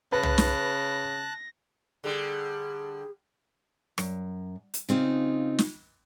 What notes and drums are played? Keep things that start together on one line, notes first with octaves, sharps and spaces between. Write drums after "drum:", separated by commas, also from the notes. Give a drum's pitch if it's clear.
C#3 B4 A5 F#6 A#6
drum: tom
drum: snare
D3 G3 G#4
F#2, drum: rim click
drum: hi-hat
C#3 C4 D#4 F4
drum: snare